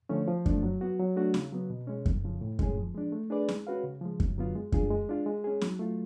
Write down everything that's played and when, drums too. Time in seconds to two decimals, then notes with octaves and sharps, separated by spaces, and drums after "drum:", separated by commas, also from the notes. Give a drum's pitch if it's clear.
0.09 D3 F3 A3 C#4
0.27 F3
0.46 A3 D4, drum: kick F#2
0.63 F#3
0.81 B3 F#4
0.99 F#3
1.16 A3 D4 F#4
1.34 C#3, drum: snare C#4
1.53 F#3 B3
1.70 B2
1.87 G#3 C#4
2.06 F2, drum: kick F#2
2.24 C#3 F3
2.41 A2
2.59 G#3 C#4 G#4, drum: kick F#2
2.78 F3
2.95 G#3 D4
3.12 A3
3.30 D4 G#4 B4 D5
3.49 G#3, drum: snare C#4
3.67 C#4 F#4 B4 F5
3.84 C#3
4.01 F3 G#3
4.20 F#2, drum: kick F#2
4.37 D3 F#3 B3 F4
4.55 G#3
4.72 D4 F4 G#4, drum: kick F#2
4.90 G#3
5.09 D4 F4
5.26 G#3
5.44 C#4 G#4
5.61 F#3, drum: snare C#4
5.79 A3 F4